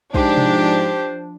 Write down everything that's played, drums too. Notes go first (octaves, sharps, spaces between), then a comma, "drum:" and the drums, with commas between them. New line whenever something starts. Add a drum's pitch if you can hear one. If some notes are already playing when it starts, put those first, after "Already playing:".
G#2 F3 D4 G4 C5, drum: kick
drum: tom B2